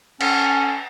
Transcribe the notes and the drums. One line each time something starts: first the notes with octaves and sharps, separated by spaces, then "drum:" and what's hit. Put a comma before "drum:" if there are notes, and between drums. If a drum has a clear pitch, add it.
C#4 A4, drum: cymbal